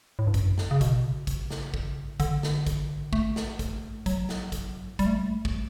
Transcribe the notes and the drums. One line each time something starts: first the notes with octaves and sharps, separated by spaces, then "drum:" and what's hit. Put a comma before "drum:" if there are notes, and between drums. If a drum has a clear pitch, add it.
A2
G2
F#2, drum: kick, hi-hat
drum: snare
C#3
B2, drum: kick, hi-hat
C#3
drum: kick, hi-hat
drum: snare
drum: kick
D3, drum: kick, hi-hat
drum: snare
drum: kick, hi-hat
A3, drum: kick
drum: snare
drum: kick, hi-hat
F#3, drum: kick, hi-hat
drum: snare
drum: kick, hi-hat
G3, drum: kick, hi-hat
A3
G3
A3
drum: kick